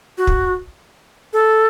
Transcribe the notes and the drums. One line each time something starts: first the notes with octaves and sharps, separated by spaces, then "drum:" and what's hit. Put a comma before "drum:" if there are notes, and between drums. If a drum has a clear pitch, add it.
F#4
drum: kick
A4